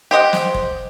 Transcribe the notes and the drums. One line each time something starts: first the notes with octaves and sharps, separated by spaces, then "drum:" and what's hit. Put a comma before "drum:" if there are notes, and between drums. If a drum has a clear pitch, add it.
G4 C5 D#5 F#5
drum: snare
drum: kick